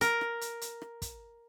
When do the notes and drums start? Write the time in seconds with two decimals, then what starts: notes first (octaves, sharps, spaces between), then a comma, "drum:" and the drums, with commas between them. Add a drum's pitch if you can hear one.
0.01 A#4, drum: hi-hat
0.21 drum: rim click
0.41 drum: hi-hat
0.61 drum: hi-hat
0.82 drum: rim click
1.02 drum: kick, hi-hat